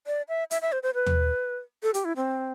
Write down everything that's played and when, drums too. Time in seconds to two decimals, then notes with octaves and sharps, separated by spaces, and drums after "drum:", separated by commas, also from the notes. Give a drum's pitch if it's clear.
0.07 D5
0.29 E5
0.51 E5, drum: hi-hat
0.62 E5
0.72 C5
0.83 C5
0.94 B4
1.06 drum: tom D#2
1.83 A4
1.94 G4, drum: hi-hat
2.05 E4
2.16 C4